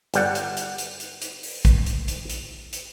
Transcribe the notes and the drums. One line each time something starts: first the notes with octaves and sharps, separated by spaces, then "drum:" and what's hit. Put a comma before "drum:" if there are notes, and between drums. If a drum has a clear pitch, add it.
G1 G3 F#5, drum: hi-hat
drum: hi-hat
drum: hi-hat
drum: hi-hat
drum: hi-hat
drum: hi-hat
drum: open hi-hat
drum: kick, hi-hat
drum: hi-hat
drum: hi-hat
drum: hi-hat
drum: hi-hat